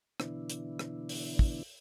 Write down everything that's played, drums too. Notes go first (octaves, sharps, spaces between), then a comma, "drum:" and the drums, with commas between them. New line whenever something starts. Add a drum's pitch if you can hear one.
B2 D3 E3 B3 D4 E4, drum: rim click
drum: hi-hat
drum: rim click
drum: open hi-hat
drum: kick